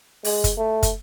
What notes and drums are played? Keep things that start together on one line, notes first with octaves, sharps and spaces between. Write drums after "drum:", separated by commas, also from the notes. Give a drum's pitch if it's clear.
G#3, drum: open hi-hat
drum: kick, hi-hat
A3
drum: kick, hi-hat